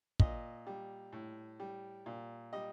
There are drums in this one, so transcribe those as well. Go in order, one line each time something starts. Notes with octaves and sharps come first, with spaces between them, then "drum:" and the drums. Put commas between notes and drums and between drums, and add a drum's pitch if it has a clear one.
A#2 D#5, drum: kick
G3
A2
G3
A#2
G3 D#5